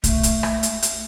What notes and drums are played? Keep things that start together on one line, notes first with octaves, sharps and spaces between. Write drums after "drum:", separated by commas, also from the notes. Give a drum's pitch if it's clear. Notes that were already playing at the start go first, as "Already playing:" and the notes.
A3, drum: kick B1, hi-hat
drum: hi-hat
drum: rim click
drum: hi-hat
drum: hi-hat